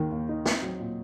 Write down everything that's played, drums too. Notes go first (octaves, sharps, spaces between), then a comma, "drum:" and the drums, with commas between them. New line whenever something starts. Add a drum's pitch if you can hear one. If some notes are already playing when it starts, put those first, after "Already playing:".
Already playing: D#2 D#3
D#2
D#4
C4, drum: snare
F#3
A#2